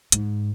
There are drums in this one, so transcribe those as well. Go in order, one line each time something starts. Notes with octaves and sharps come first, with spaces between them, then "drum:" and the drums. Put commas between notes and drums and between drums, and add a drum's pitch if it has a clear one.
G#2, drum: hi-hat